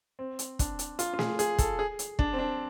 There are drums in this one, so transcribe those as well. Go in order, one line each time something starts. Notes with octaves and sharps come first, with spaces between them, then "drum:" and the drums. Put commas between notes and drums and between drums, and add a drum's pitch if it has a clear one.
C4
drum: hi-hat
D4, drum: kick, hi-hat
drum: hi-hat
F4, drum: hi-hat
F4
G#4, drum: snare
G#4, drum: hi-hat
A4, drum: kick, hi-hat
G#4
drum: hi-hat
D4, drum: kick
C4
D4